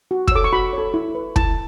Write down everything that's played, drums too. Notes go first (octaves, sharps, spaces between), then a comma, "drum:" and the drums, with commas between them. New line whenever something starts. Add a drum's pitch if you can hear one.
F#4
E6, drum: kick
A4 C#5 D6
C#6
F#4 B5
A4 C#5
E4
B4
E4 A5, drum: kick